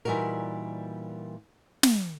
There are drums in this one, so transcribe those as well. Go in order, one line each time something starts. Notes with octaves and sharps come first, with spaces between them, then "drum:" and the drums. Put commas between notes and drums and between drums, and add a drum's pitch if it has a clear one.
A#2 E3 G3 D#4 F#4 A#4
drum: snare